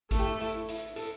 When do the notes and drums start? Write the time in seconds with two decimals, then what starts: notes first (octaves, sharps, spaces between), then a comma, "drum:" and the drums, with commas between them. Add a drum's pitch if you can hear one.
0.11 A3 A4, drum: kick A1, hi-hat
0.19 G4
0.25 E4
0.40 E4, drum: hi-hat
0.54 E4
0.69 E4, drum: hi-hat
0.96 A4, drum: hi-hat